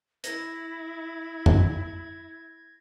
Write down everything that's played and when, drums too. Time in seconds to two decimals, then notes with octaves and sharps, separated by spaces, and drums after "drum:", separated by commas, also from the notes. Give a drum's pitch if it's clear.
0.24 E4 G#6 A#6, drum: hi-hat
1.46 drum: tom